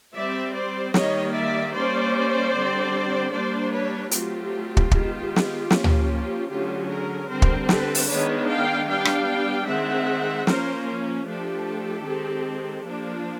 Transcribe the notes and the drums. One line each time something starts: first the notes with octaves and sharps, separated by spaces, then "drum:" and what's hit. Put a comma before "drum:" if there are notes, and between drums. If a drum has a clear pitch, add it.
G3 C4 D5 E5
C5 D5
D#3 G3 A#3 C#5 D#5, drum: snare
D5 E5
G3 A#3 C#4 C5 D5
D3 G3 C4
G3 A#3 D4 C5 D5
B4 C#5
F#3 A3 C4 F4 G4, drum: hi-hat
drum: kick
D#3 G#3 B3, drum: kick
drum: snare
F3 A#3 C#4, drum: snare
drum: tom D2
D3 F#3 A3 C#4 F4 G4
G#4 A#4
D3 G3 C4 A#4 C5
drum: kick
A4 B4, drum: snare
drum: open hi-hat
D#3 G#3 B3 D4 B4 C#5
F5 G5
G3 B3 D4 F5 G5
drum: rim click
D#3 G#3 C4 E5 F#5
F3 A#3 C#4 A#4 C5, drum: snare
F3 A3 D4 G4 A4
D#3 G#3 C4
F3 A#3 D4